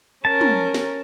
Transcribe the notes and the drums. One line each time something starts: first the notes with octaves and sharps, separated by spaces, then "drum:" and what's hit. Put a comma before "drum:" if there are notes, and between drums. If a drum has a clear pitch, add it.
C#4 A#4 A5
drum: tom
drum: snare